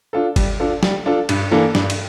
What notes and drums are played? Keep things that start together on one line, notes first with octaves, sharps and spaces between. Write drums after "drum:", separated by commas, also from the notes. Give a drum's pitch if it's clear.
D4 F4 A4
G3, drum: kick G1, cymbal
D4 F4 A4
G3, drum: snare
D4 F4 A4
G2, drum: cymbal
E3 A#3 D4 A4
G2, drum: snare
drum: cymbal